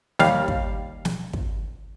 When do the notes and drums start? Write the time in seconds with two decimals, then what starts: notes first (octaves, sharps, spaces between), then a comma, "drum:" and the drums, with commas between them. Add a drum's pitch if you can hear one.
0.19 D#2 G3 F5, drum: snare
0.48 drum: kick
1.05 drum: snare
1.33 drum: kick